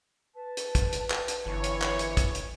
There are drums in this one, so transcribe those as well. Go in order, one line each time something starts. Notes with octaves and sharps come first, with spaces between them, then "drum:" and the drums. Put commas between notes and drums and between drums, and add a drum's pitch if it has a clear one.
B4 A5
drum: hi-hat
drum: kick, hi-hat
drum: hi-hat
drum: clap
drum: hi-hat
G1 E3 C#5
drum: hi-hat
drum: clap
drum: hi-hat
drum: kick, hi-hat
drum: hi-hat